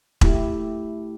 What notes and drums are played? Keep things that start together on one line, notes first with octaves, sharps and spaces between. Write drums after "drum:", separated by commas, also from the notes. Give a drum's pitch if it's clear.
A3 E4 G4, drum: kick E1